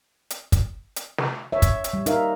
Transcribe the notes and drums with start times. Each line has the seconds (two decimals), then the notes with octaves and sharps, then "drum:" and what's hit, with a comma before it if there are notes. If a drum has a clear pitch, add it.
0.30 drum: hi-hat
0.52 drum: kick, hi-hat
0.96 drum: hi-hat
1.18 drum: snare
1.52 C#5 E5
1.62 drum: kick, hi-hat
1.84 drum: hi-hat
1.93 G3
2.06 D#4 A#4 E5 F5, drum: hi-hat